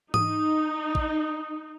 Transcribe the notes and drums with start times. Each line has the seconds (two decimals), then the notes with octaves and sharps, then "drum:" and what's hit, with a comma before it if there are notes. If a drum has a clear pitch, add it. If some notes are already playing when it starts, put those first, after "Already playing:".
0.14 D#4 D#6, drum: tom G#2
0.95 drum: kick A1